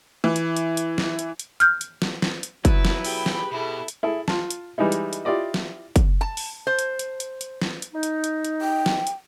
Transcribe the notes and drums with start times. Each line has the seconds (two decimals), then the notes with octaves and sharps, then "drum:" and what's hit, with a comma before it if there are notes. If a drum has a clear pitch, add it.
0.24 E3
0.36 drum: hi-hat
0.57 drum: hi-hat
0.77 drum: hi-hat
0.98 drum: snare
1.19 drum: hi-hat
1.39 drum: hi-hat
1.60 F6 G6, drum: hi-hat
1.81 drum: hi-hat
2.02 drum: snare
2.22 drum: snare
2.43 drum: hi-hat
2.65 B2 F#3 E4 B4, drum: kick F#1, hi-hat
2.85 drum: snare
3.05 G4 G#4 G5 B5, drum: open hi-hat
3.26 drum: snare
3.51 B2 E4 A4
3.88 drum: hi-hat
4.03 E4 G#4 A4
4.28 F4 A5, drum: snare
4.50 drum: hi-hat
4.78 E3 G3 G#3 D#4 E4
4.92 drum: hi-hat
5.13 drum: hi-hat
5.25 E4 F4 G4 D5 D#5
5.54 drum: snare
5.96 drum: kick F#1, hi-hat
6.21 A5
6.37 drum: open hi-hat
6.67 C5
6.79 drum: hi-hat
6.99 drum: hi-hat
7.20 drum: hi-hat
7.41 drum: hi-hat
7.62 drum: snare
7.82 drum: hi-hat
7.94 D#4
8.03 drum: hi-hat
8.24 drum: hi-hat
8.44 drum: hi-hat
8.62 G5
8.86 drum: snare
9.07 drum: hi-hat